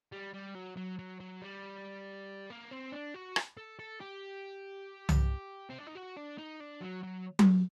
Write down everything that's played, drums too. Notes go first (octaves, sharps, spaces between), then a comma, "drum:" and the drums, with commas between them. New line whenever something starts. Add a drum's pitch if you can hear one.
G3
G3
F#3
F#3
F#3
F#3
G3
A#3
C4
D4
F#4
drum: rim click
A4
A4
G4
drum: tom C2
C4
D4
D#4
F#4
D4
D#4
D4
F#3
F#3
drum: tom F#3